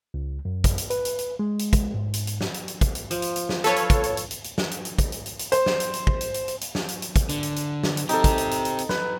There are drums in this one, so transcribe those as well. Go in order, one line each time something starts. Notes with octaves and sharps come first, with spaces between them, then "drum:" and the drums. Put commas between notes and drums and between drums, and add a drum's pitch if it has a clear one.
C#2
F#2
drum: kick, hi-hat
drum: hi-hat
B4, drum: hi-hat
drum: hi-hat
drum: hi-hat
G#3
drum: hi-hat
drum: kick, hi-hat
G#2
drum: hi-hat
drum: hi-hat
drum: snare
drum: hi-hat
drum: hi-hat
drum: kick, hi-hat
drum: hi-hat
F3, drum: hi-hat
drum: hi-hat
drum: hi-hat
drum: snare
A4 B4 C#5 F5, drum: hi-hat
drum: hi-hat
drum: kick, hi-hat
drum: hi-hat
drum: hi-hat
drum: hi-hat
drum: hi-hat
drum: snare
drum: hi-hat
drum: hi-hat
drum: kick, hi-hat
drum: hi-hat
drum: hi-hat
drum: hi-hat
C5, drum: hi-hat
drum: snare
drum: hi-hat
drum: hi-hat
drum: kick
drum: hi-hat
drum: hi-hat
drum: hi-hat
drum: hi-hat
drum: snare
drum: hi-hat
drum: hi-hat
drum: kick, hi-hat
D3, drum: hi-hat
drum: hi-hat
drum: hi-hat
drum: snare
drum: hi-hat
C4 D#4 G4 A4, drum: hi-hat
drum: kick, hi-hat
drum: hi-hat
drum: hi-hat
drum: hi-hat
drum: hi-hat
B4, drum: snare